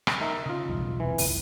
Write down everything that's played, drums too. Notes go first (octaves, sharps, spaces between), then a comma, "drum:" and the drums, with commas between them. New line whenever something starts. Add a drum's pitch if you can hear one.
drum: rim click
D#4 A#4 E5
C#3 F4 D#5
B1 E2 G2
E1 C3 E3
F#1 C2, drum: open hi-hat